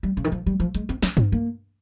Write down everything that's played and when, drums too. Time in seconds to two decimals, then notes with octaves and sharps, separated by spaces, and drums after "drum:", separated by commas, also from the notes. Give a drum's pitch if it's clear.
0.03 G3
0.17 C#3
0.24 D#3
0.32 F3
0.46 G3
0.60 F3
0.75 G#3, drum: hi-hat
0.89 C4
1.03 C#4, drum: snare
1.17 C4, drum: tom G2
1.32 A#3